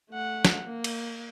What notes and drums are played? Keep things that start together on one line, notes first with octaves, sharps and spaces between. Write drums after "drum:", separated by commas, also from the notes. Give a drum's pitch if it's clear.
A3 F#5
drum: snare
A#3
drum: cymbal